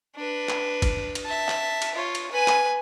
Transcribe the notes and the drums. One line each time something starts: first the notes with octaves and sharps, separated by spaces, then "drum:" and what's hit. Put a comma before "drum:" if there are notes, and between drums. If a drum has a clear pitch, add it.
D4 B4
drum: clap
drum: kick, cymbal
drum: cymbal
E5 A5
drum: clap
drum: cymbal
F4 C#5
drum: cymbal
B4 G#5
drum: clap